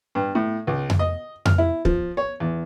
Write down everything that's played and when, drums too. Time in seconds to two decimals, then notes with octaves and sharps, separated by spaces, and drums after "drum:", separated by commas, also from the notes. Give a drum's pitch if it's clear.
0.15 G2
0.35 A2
0.67 C#2
0.90 drum: tom F2
0.99 D#5
1.45 F6, drum: tom F2
1.58 E4
1.85 F3, drum: kick
2.17 C#5
2.40 E2